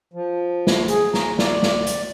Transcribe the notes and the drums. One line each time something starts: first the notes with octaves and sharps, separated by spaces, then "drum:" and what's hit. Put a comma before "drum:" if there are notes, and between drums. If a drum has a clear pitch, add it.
F3
drum: snare
G#4, drum: hi-hat
A#5, drum: snare
D5, drum: snare
drum: snare
drum: hi-hat